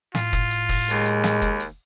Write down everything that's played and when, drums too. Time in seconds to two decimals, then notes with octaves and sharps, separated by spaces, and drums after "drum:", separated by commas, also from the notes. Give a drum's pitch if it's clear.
0.15 A2 F4, drum: snare
0.33 drum: kick, hi-hat
0.51 drum: hi-hat
0.69 drum: kick, open hi-hat
0.90 D#2 G#3, drum: hi-hat
1.06 drum: hi-hat
1.24 drum: snare
1.42 drum: kick, hi-hat
1.60 drum: hi-hat